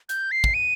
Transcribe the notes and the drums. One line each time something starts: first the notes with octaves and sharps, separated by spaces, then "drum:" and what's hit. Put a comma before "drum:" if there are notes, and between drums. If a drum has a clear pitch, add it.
G6, drum: hi-hat
C7
drum: kick
D#7